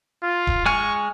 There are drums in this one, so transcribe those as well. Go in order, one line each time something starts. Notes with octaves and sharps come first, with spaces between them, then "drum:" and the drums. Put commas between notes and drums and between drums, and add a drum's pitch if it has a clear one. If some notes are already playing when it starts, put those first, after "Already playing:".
F4
drum: kick D#1
G#3 G#5 C#6 F6